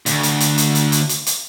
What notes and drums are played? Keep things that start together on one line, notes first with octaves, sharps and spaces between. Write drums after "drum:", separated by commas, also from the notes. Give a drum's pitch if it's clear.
D2, drum: hi-hat
drum: hi-hat
drum: hi-hat
drum: hi-hat
drum: hi-hat
drum: hi-hat
drum: hi-hat
drum: hi-hat